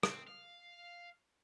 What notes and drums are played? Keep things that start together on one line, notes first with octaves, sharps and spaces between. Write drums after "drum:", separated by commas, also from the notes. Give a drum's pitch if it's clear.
C4, drum: rim click
F5